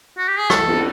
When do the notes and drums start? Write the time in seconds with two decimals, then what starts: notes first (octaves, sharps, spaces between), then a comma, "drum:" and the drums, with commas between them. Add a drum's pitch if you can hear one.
0.17 F#4
0.28 G4
0.39 G#4
0.50 A4, drum: rim click
0.67 drum: cymbal